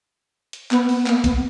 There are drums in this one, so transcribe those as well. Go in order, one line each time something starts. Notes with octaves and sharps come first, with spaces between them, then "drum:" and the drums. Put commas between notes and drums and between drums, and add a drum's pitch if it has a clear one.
drum: hi-hat
B3, drum: clap
B3, drum: open hi-hat
A#3, drum: clap
B3, drum: kick, hi-hat